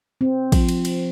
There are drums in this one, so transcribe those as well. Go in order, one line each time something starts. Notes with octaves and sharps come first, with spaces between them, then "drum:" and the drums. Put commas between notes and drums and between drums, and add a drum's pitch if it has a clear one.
C4
F3, drum: kick, cymbal
drum: cymbal
drum: cymbal